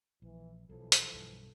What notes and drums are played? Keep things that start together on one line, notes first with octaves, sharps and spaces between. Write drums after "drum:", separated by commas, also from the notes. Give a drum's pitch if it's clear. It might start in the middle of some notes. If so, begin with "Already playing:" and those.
A#1 E3
B1 E3 F3 A4
drum: hi-hat
B1 G2